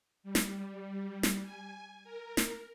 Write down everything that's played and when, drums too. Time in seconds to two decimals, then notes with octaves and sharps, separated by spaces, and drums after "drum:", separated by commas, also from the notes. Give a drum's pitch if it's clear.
0.23 G3
0.35 drum: snare
1.23 drum: snare
1.42 G#5
2.04 A#4
2.37 drum: snare